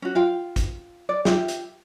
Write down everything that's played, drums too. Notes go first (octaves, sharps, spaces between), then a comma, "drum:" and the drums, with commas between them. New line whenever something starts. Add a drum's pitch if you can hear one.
C#4 F#4
F4 F5 G5
drum: kick, hi-hat
D5
F4 G4 E5, drum: snare
drum: hi-hat